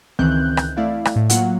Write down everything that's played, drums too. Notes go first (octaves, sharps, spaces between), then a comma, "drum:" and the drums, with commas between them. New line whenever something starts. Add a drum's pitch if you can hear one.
C#2 D#3 E3 C4 F#6 G6
drum: rim click
A3 E4 D5 F5
drum: rim click
A2
F#3 A#3 F4 F#5, drum: hi-hat